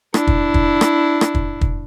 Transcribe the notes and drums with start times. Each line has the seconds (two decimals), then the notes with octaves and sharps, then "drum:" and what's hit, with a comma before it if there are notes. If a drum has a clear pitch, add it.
0.14 D4 E4, drum: rim click
0.27 drum: kick
0.54 drum: kick
0.81 drum: rim click
1.21 drum: rim click
1.35 drum: kick
1.61 drum: kick